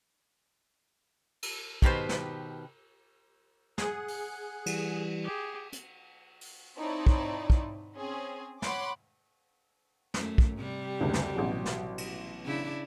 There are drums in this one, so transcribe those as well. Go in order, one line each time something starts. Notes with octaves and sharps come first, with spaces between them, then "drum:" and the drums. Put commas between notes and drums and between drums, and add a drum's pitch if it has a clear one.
drum: cymbal
B2 D#3 G4 B4 C5, drum: kick
drum: snare
G#4 F#5, drum: snare
drum: open hi-hat
E3 G3, drum: cymbal
G4 G#4
drum: hi-hat
drum: open hi-hat
C4 D#4 E4 C#5 D5 A5
drum: kick
drum: kick
C4 C#4 G#4
C#5 F#5 B5 C6 D6, drum: snare
F#2 A3, drum: snare
drum: kick
C3 G3
F#1 D2
drum: snare
A1 B2 F#3
drum: snare
drum: cymbal
C#3 D4 E4